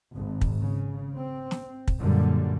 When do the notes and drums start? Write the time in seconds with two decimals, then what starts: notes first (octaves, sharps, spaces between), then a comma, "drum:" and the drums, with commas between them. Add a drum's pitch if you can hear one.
0.13 G#1
0.41 drum: kick
0.62 C#3
1.14 C4
1.51 drum: snare
1.88 drum: kick
2.00 F#2 A#2 D3 G3